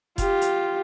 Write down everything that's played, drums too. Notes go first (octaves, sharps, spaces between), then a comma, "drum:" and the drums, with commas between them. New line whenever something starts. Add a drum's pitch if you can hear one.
F4 G4, drum: kick F1, hi-hat
drum: hi-hat